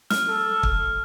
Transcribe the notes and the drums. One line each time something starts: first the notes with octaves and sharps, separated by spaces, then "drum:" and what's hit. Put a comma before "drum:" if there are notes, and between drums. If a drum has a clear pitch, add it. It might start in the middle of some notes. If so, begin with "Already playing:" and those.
F6, drum: snare
A4
drum: kick